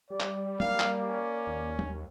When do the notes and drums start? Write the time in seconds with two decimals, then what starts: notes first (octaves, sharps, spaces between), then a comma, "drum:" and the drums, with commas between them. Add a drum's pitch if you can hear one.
0.10 G3 D5
0.20 drum: clap
0.60 A#3 F5, drum: tom F#3
0.80 drum: clap
1.08 C#4
1.47 D#2
1.79 drum: tom F#3